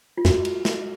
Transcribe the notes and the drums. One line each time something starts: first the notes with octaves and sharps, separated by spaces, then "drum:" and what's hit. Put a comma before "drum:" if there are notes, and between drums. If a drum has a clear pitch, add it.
F4
F#2 F#4, drum: snare
drum: cymbal
drum: snare